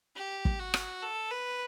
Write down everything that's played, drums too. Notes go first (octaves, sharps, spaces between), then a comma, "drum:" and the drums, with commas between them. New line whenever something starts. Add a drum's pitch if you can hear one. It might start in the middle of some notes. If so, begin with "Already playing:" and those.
G4
drum: kick
F#4
drum: rim click
A4
B4